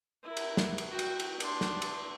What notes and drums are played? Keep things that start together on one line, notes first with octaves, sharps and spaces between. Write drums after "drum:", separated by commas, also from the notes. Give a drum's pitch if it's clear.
E4 A#4
drum: cymbal
drum: snare
drum: cymbal
F#4 G5
drum: cymbal
drum: cymbal
D4 C6, drum: cymbal
drum: snare
drum: cymbal